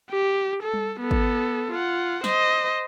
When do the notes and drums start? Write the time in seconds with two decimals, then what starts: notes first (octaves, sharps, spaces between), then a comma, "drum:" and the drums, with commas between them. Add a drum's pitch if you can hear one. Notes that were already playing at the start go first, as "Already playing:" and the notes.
0.10 G4
0.63 A4
0.74 drum: tom G3
1.01 B3 A4
1.11 drum: kick G#1
1.72 F4 F#5
2.24 C5 D#5, drum: snare